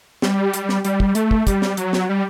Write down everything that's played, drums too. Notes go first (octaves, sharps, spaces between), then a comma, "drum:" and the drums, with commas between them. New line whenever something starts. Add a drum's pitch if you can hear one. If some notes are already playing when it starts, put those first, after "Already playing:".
G3, drum: snare
drum: hi-hat
drum: snare
G3, drum: hi-hat
drum: kick
A3, drum: hi-hat
drum: kick
G3, drum: kick, hi-hat
drum: snare
F#3, drum: hi-hat
drum: snare
G3